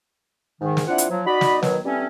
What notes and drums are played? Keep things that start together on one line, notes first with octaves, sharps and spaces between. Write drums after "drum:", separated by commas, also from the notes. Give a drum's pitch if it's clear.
G#2 D#3
drum: snare
C4 D4 E4 F4 F#5
drum: hi-hat
F3 F#3
D#4 F#4 D5 D#5 B5
drum: snare
B2 D#3 F#3, drum: snare
E3 G3 A3 C4 C#4